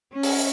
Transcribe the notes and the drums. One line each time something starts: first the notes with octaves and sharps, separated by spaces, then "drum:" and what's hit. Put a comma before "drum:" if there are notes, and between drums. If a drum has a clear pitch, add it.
C#4
drum: open hi-hat